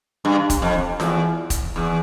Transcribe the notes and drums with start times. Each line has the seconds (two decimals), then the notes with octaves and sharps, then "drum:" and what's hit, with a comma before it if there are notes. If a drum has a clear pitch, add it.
0.25 G2
0.50 drum: kick, hi-hat
0.62 F2
1.00 E2, drum: snare F4
1.50 drum: kick, hi-hat
1.76 E2